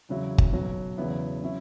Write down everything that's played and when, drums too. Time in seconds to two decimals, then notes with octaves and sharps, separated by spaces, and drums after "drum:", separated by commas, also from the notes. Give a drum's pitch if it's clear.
0.09 E2 C#3 F#3 E4
0.38 drum: kick G1
0.53 B1 B2 F#3
0.98 E2 C#3 F#3 B3 E4
1.43 F#3 C#4 E4